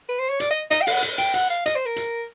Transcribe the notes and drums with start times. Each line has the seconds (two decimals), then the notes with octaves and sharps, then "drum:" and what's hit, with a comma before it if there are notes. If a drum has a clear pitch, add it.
0.09 B4
0.19 C5
0.29 C#5
0.40 D5, drum: hi-hat
0.51 D#5
0.71 D#5, drum: hi-hat
0.82 G5
0.87 F5, drum: open hi-hat
0.92 F#5
1.02 drum: hi-hat
1.18 G5, drum: hi-hat
1.34 F#5, drum: hi-hat
1.50 F5
1.66 D#5, drum: hi-hat
1.75 C5
1.86 A#4
1.96 drum: hi-hat